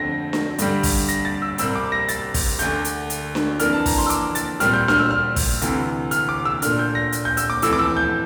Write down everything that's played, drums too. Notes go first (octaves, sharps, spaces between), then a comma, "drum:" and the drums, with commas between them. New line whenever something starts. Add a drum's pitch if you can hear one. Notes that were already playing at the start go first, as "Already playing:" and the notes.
Already playing: F2 D3 A3 C4 A#6
drum: snare D4
G2 D3 G3, drum: hi-hat
drum: kick, open hi-hat
A#6, drum: hi-hat
A6
E6
C2 C3 G3 C4 E6, drum: hi-hat
D6
A#6
A6, drum: hi-hat
drum: kick, open hi-hat
D2 D3 A3 G6, drum: hi-hat
drum: hi-hat
drum: hi-hat
drum: snare D4
F2 E3 A#3 D4 F6, drum: hi-hat
A5
A#5, drum: kick, open hi-hat
C6
E6
D6, drum: hi-hat
A6, drum: hi-hat
A#2 G3 C4 F6, drum: hi-hat
G6
F6, drum: snare D4
E6
F6
drum: kick, open hi-hat
D2 C3 E3, drum: hi-hat
F6, drum: hi-hat
D6
E6
A#2 A3 D4 F6, drum: hi-hat
G6
A#6
drum: hi-hat
G6
E6, drum: hi-hat
D6
F2 E3 A3 E6, drum: hi-hat
D6
E6
G6